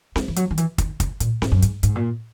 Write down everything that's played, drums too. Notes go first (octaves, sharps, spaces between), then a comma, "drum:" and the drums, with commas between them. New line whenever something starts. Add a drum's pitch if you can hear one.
G#3, drum: snare C4
E3
F#3, drum: hi-hat
D#3
E3, drum: hi-hat
D#3, drum: kick, hi-hat
C#3, drum: kick, hi-hat
A#2, drum: hi-hat
G#2, drum: snare C4
F#2
G#2, drum: hi-hat
G#2, drum: hi-hat
A#2